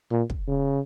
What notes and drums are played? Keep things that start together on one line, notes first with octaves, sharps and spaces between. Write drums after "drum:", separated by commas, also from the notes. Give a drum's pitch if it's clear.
A#2
drum: kick
C#3